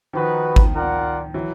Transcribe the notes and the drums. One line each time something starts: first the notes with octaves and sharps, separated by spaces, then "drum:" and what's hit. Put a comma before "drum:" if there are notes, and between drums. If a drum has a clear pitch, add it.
D#3 F3 D#4 F#4 B4
drum: kick G#1
F4 A#4 D5 F#5
E3 F#3